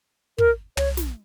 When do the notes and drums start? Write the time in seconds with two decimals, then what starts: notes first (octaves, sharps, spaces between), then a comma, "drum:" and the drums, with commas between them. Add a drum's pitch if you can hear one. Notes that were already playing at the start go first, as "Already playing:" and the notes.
0.38 A#4, drum: kick
0.77 C#5, drum: tom
0.97 drum: snare